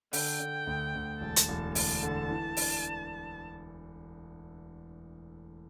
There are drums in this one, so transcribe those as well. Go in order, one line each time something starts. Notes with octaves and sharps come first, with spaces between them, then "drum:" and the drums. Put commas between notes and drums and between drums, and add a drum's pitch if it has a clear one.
D3 G5, drum: open hi-hat
D3
D2
D2
E1 A5
drum: hi-hat
E1
D2 A5, drum: open hi-hat
D3
E3
D4, drum: open hi-hat